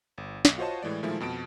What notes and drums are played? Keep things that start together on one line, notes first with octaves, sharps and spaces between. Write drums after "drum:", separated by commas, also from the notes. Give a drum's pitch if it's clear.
G1
B1, drum: snare
F4 F#4 C5 C#5 D#5 A5
A2 E3 G#3 D5
A#2 D#3 F3 G#3 A3 E4
F2 B2 A5 D7